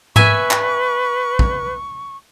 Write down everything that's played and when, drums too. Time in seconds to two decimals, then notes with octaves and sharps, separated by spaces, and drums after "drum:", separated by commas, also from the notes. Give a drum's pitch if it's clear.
0.16 B4 E5 G#5 C#6, drum: tom G#2
0.51 drum: clap
1.39 drum: kick